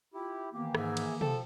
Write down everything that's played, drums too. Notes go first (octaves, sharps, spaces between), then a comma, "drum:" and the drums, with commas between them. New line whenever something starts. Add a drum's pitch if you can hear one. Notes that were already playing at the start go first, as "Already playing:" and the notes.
E4 F4 G4
D#3 E3 A#3 B3 G4
G#2 G#4 E5 G#5, drum: rim click
drum: cymbal
F3 A4 G5, drum: tom